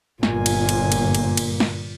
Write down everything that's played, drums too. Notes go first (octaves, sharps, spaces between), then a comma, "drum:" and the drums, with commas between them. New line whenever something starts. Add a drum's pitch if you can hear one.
G1 A#2 A#3 F4 G#5, drum: snare
drum: cymbal
drum: cymbal
drum: cymbal
drum: cymbal
drum: cymbal
drum: snare